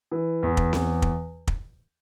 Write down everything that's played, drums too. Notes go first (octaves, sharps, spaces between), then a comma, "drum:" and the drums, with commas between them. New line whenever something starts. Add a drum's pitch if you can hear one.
E3
E2
drum: kick
E2, drum: snare C4
drum: kick
drum: kick